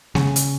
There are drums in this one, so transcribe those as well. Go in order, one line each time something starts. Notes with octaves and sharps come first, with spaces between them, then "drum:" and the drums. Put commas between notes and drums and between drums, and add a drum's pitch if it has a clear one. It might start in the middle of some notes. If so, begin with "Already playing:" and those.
C#3, drum: snare G#3
drum: hi-hat